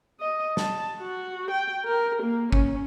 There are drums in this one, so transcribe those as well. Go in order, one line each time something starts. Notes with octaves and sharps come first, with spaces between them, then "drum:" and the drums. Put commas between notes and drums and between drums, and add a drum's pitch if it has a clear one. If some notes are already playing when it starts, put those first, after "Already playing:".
D#5
A5, drum: snare
F#4
G5
A#4
A#3
C#4, drum: kick G1